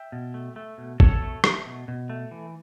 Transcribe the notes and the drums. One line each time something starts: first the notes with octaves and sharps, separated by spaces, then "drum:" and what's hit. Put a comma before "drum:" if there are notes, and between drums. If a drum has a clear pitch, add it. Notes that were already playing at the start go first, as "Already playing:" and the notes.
Already playing: E5 G5
B2
A3
A3
B2
B2 A4 C#5, drum: kick
A3
A3, drum: rim click
B2
B2
A3
E3